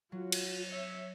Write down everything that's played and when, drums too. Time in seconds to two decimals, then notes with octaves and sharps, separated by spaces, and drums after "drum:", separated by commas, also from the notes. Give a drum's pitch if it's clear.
0.12 F#3 F4 F#4
0.32 drum: cymbal
0.68 C#5 E5